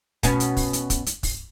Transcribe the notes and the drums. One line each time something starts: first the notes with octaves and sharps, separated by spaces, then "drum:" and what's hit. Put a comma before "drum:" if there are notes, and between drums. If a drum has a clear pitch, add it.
B2 C#4, drum: kick, hi-hat
drum: hi-hat
drum: kick, open hi-hat
drum: hi-hat
drum: kick, hi-hat
drum: hi-hat
drum: kick, open hi-hat